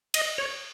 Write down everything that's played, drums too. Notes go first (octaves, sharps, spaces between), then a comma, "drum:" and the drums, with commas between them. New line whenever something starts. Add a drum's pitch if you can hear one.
D#5, drum: cymbal
C#5